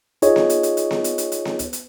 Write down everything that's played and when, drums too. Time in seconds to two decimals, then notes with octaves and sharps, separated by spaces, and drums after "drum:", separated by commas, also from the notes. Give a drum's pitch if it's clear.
0.22 D#4 F4 G#4 C#5 D#5, drum: hi-hat
0.36 drum: snare B3
0.50 drum: hi-hat
0.63 drum: hi-hat
0.77 drum: hi-hat
0.91 drum: snare B3
1.04 drum: hi-hat
1.18 drum: hi-hat
1.32 drum: hi-hat
1.45 drum: snare B3
1.59 drum: hi-hat
1.73 drum: hi-hat